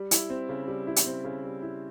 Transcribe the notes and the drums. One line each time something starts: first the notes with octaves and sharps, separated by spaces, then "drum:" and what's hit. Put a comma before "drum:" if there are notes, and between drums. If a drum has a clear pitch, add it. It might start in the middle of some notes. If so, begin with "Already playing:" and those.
Already playing: G3
E4, drum: hi-hat
C4
C#3
G3
E4
drum: hi-hat
C4
C#3
G3
E4